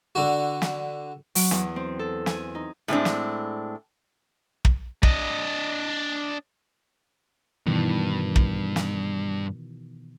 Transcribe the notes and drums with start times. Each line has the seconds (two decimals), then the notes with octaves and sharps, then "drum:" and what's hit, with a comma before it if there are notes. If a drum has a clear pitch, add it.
0.15 D3 F#4
0.62 drum: snare
1.35 F#3, drum: open hi-hat
1.51 E2, drum: snare
1.76 C4
1.99 A4
2.26 G#5, drum: snare
2.55 D#4
2.88 A2 G#3 C4 D4
3.05 drum: snare
4.65 drum: kick
5.03 D4 D#5, drum: kick
7.66 G2 B2 D#3 E3
8.36 drum: kick
8.76 drum: snare